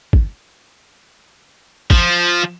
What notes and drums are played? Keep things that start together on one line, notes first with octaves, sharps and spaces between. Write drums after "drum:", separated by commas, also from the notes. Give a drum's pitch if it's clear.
drum: kick
F3, drum: kick